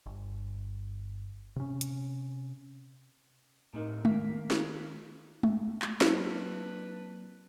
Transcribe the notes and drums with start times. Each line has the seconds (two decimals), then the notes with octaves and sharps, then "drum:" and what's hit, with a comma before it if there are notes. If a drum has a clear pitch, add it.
0.06 G1
1.56 C3 C#4
1.81 drum: hi-hat
3.74 A2 C3 D#3 D#4 A#4
4.05 D#3 A#3 B6, drum: tom G#3
4.50 drum: snare
5.43 drum: tom G#3
5.82 drum: clap
6.01 F#3 A#3 C4 D4 B4, drum: snare